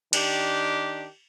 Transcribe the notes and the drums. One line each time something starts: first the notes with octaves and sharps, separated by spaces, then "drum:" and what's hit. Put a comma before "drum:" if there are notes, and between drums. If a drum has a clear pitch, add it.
D#3 D4 G4, drum: cymbal